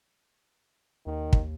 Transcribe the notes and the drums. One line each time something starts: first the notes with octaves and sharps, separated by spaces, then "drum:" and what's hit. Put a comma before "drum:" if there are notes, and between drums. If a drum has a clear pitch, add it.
D#2 D#3
drum: kick